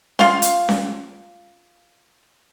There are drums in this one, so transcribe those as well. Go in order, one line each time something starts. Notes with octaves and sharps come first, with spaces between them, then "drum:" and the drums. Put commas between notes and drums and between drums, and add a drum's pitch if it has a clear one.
F4 F5 C6, drum: snare C#4
drum: hi-hat
drum: snare C#4